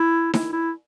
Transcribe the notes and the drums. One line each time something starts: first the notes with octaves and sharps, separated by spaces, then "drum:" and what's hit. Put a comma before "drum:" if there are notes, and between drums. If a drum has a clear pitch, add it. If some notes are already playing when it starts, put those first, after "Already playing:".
Already playing: E4
E4, drum: snare D#4
E4